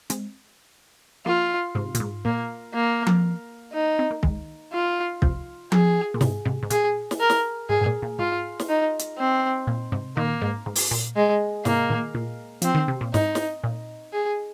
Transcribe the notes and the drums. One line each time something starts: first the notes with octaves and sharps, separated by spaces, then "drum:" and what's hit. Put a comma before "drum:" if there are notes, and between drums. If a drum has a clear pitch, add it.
G#3 C4, drum: hi-hat
F3 A#3 F4
G#2 C3
A#2, drum: hi-hat
G#2
A#2 A#3
A#3
drum: tom F3
D#4
C4
A#3
D#3 G#3, drum: kick
F4
C3 F3, drum: kick
G#4, drum: tom F3
A#2
G#2 C3, drum: snare
G#2 C3
G#2
A#2 G#4, drum: hi-hat
drum: snare
A#4
drum: snare
G#2 G#4
G#2
A#2
A#2
G#2 F4
drum: snare
D#4
drum: hi-hat
C4
A#2
G#2 C3
A#2 D#3 A#3
G#2
G#2
drum: open hi-hat
A#2
G#3
G#2 C3 A#3, drum: snare
A#2 D#3
A#2
F3 C4, drum: hi-hat
D#3
C3
A#2
G#2 D#4, drum: snare
drum: snare
A#2
G#4